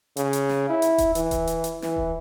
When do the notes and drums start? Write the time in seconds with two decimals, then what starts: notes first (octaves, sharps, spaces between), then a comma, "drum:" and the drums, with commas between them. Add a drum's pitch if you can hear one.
0.17 C#3, drum: hi-hat
0.33 drum: hi-hat
0.49 drum: snare
0.70 E4
0.82 drum: hi-hat
0.98 drum: kick D#1, hi-hat
1.15 E3, drum: hi-hat
1.31 drum: kick D#1, hi-hat
1.47 drum: hi-hat
1.64 drum: hi-hat
1.82 E3, drum: snare
1.96 drum: kick D#1